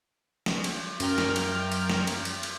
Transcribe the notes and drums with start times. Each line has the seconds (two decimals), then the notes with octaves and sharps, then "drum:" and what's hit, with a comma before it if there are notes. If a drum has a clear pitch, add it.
0.46 drum: snare
0.64 drum: cymbal
1.00 F#2 A#4 G5 F6, drum: cymbal
1.18 drum: snare
1.36 drum: cymbal
1.72 drum: cymbal
1.89 drum: snare
2.07 drum: cymbal
2.25 drum: cymbal
2.43 drum: cymbal